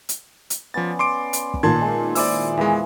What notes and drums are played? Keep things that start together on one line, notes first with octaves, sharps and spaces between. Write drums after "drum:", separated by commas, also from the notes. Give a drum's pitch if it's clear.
drum: hi-hat
drum: hi-hat
F3 B3 C#4 D5 A6
C6 D6 D7
drum: hi-hat
drum: kick
A#2 D#3 A5 C6 G#6
G#3
E4 G#4 C5 D5 D6 E6, drum: open hi-hat
E2 E3 G#3 A#3 F4